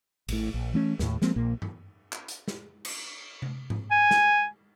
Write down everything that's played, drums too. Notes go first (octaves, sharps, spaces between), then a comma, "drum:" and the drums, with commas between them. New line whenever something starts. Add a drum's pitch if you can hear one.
A1 A2, drum: cymbal
A#1
E3 A3 C#4
D#2 A2, drum: snare
F3 G#3 A#3 C4, drum: snare
A#1 A#2 A#3
drum: tom G2
drum: clap
drum: hi-hat
drum: snare
drum: cymbal
drum: tom C3
drum: tom G#2
G#5
drum: snare